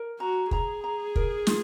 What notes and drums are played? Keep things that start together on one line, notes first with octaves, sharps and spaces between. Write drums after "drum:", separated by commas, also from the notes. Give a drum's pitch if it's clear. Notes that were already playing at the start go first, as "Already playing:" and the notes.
Already playing: A#4
F#4 A#5
G#4 A#5, drum: kick
A#5
A#4, drum: kick
F4, drum: snare